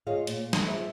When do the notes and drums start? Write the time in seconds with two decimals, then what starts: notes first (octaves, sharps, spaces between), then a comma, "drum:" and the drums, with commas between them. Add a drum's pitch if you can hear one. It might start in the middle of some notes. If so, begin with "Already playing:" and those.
0.07 F4 G#4 C5 C#5 D#5 F5
0.27 A#2, drum: hi-hat
0.53 drum: snare
0.67 F4 G#4 C5 E5